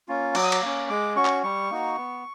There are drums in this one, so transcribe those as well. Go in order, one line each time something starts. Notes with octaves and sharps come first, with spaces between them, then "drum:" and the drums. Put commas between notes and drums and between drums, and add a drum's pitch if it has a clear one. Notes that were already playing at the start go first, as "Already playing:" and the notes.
A#3 C#4 F4
F#3 D6, drum: cymbal
D#6
D6, drum: cymbal
A#3 C#4
G#3 D6
C#4 F#4 C#6
drum: clap
G3 C#6
A#3 D#4 F#4
B3